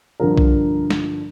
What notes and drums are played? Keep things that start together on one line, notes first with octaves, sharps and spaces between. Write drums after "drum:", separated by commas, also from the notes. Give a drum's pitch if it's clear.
G2 D3 F3 A#4
drum: kick B1
drum: snare